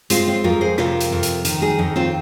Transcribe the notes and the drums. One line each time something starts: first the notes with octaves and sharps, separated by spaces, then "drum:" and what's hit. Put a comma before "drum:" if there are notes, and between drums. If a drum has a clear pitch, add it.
G#3 C4 F4, drum: hi-hat
C4 F4
F2 F4 A#4
G#4 C5
C3 F4 A#4, drum: rim click
drum: hi-hat
F2
drum: hi-hat
D#3, drum: hi-hat
D#4 G#4
F2 D#4
C4 F4